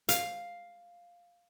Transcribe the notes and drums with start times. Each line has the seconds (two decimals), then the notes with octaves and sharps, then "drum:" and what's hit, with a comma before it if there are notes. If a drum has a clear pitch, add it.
0.09 F5, drum: hi-hat